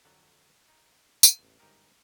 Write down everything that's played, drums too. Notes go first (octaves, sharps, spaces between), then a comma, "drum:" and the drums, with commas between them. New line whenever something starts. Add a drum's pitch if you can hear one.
F2 D3 F#3 F#5 A5
D#4
G#4, drum: tambourine
A1 E2
G1 G#2 D#4 G4 A#4